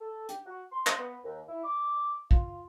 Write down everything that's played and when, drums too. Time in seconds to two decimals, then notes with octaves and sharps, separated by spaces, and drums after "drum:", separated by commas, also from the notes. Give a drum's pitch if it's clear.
0.01 A4
0.29 G4, drum: hi-hat
0.45 F#4
0.72 C6
0.87 drum: clap
0.97 B3
1.24 D#2
1.48 E4
1.63 D6
2.31 F4, drum: kick